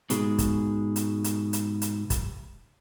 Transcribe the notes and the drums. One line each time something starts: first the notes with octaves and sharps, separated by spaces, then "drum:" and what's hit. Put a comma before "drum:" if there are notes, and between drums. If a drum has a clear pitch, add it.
G#2 B2 G#3, drum: hi-hat
drum: kick, hi-hat
drum: hi-hat
drum: hi-hat
drum: hi-hat
drum: hi-hat
drum: kick, hi-hat